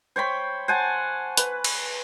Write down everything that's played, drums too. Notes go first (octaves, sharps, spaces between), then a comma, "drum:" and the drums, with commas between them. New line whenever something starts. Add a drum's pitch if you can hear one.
C5 C#5 G5 B5
C5 F#5 G#5 A5
B4, drum: hi-hat
drum: cymbal